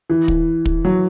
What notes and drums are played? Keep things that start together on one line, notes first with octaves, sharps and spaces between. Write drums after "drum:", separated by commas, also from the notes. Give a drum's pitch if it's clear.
E3
drum: kick
drum: kick
F#3